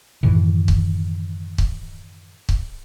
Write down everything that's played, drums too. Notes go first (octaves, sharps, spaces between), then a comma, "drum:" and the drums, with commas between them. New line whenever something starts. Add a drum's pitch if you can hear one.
F#2 A2 D#3 E3
drum: kick
drum: kick
drum: kick